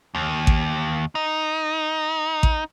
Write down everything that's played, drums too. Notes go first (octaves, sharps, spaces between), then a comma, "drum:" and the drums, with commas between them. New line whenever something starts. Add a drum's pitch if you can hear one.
D#2
drum: kick A1
D#4
drum: kick A1